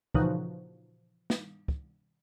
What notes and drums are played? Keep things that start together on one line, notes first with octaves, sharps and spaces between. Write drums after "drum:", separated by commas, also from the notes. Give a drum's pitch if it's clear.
A#2 C#3 E3 F3 D#4 F#4, drum: kick
drum: snare
drum: kick